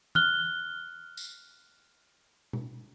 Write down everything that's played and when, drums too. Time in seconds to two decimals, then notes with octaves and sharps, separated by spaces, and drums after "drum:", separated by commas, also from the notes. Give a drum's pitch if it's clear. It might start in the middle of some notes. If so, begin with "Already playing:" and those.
0.15 F6 F#6 G7, drum: tom E3
1.17 drum: tambourine
2.53 drum: tom B2